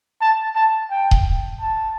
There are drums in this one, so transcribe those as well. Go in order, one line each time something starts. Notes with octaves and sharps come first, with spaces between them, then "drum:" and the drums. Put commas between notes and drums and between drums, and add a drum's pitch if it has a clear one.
A5
A5
G5
drum: kick D#1
A5